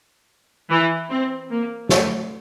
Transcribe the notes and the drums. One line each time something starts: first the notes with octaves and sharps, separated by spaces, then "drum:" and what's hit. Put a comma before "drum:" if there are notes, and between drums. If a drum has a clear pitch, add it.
E3
C4
A#3
A3, drum: snare